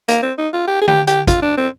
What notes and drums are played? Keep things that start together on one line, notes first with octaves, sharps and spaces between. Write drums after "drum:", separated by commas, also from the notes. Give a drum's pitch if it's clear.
A#3, drum: hi-hat
C4
D#4
F4
G4
G#4
G4, drum: tom D3
G4, drum: hi-hat
F4, drum: kick, hi-hat
D4
C4